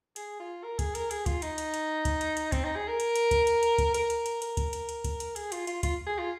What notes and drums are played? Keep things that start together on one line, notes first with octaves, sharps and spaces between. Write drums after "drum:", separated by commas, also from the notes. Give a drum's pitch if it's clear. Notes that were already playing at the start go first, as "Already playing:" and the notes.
G#4, drum: hi-hat
F4
A#4
G#4, drum: kick, hi-hat
A#4, drum: hi-hat
G#4, drum: hi-hat
F4, drum: kick, hi-hat
D#4, drum: hi-hat
drum: hi-hat
drum: hi-hat
drum: kick, hi-hat
drum: hi-hat
drum: hi-hat
C4, drum: kick, hi-hat
D#4
G#4
A#4
drum: hi-hat
drum: hi-hat
drum: kick, hi-hat
drum: hi-hat
drum: hi-hat
drum: kick, hi-hat
A#4, drum: hi-hat
drum: hi-hat
drum: hi-hat
A#4, drum: hi-hat
drum: kick, hi-hat
drum: hi-hat
drum: hi-hat
drum: kick, hi-hat
drum: hi-hat
G#4, drum: hi-hat
F4, drum: hi-hat
F4, drum: hi-hat
F4, drum: kick, hi-hat
G#4
F4